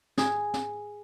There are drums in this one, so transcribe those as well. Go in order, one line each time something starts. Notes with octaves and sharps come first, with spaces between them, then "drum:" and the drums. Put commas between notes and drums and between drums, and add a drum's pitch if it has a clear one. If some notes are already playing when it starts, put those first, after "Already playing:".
G#4, drum: snare
drum: snare